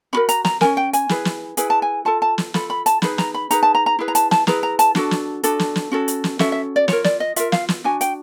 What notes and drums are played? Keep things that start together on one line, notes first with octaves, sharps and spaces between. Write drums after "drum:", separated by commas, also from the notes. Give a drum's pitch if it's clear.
C#4 F#4 A#4 B5
A#5, drum: hi-hat
A#5, drum: snare
C#4 F#4 A#4 G#5, drum: snare
G5
G#5, drum: hi-hat
E4 G#4 B4, drum: snare
drum: snare
E4 G#4 B4 G#5, drum: hi-hat
A5
G#5
F4 A4 A5
A5
drum: snare
F4 A4 B5, drum: snare
B5
A5, drum: hi-hat
D#4 G#4 B4 B5, drum: snare
A#5, drum: snare
B5
D#4 G#4 B4 A#5, drum: hi-hat
A5
A#5
A#5
E4 G#4 B4
A#5
A5, drum: hi-hat
A5, drum: snare
E4 G#4 B4 A#5, drum: snare
A#5
A5, drum: hi-hat
D4 F#4 A4, drum: snare
drum: snare
D4 F#4 A4, drum: hi-hat
drum: snare
drum: snare
C#4 F#4 A4
drum: hi-hat
drum: snare
C#4 F#4 A4 E5, drum: snare
E5
D5
F4 A#4 C#5, drum: snare
D5, drum: snare
D#5
F4 A#4 E5, drum: hi-hat
F5, drum: snare
drum: snare
D4 F#4 G#5
G5, drum: hi-hat